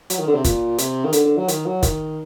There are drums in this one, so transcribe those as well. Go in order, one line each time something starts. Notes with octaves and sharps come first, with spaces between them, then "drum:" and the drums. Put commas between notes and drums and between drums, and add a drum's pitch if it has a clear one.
F#3, drum: hi-hat
D#3
D3
C3
A#2, drum: kick, hi-hat
C3, drum: hi-hat
D#3
D3, drum: hi-hat
D3
F#3
D#3, drum: hi-hat
F#3
D#3, drum: kick, hi-hat